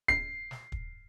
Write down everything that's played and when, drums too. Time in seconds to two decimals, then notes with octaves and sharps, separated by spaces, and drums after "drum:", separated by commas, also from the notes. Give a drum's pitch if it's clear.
0.08 C7, drum: kick
0.51 drum: snare
0.72 drum: kick